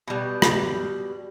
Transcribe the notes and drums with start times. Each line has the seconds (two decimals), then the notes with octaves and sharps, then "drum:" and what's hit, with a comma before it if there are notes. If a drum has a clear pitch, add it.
0.08 B2 G3
0.42 drum: rim click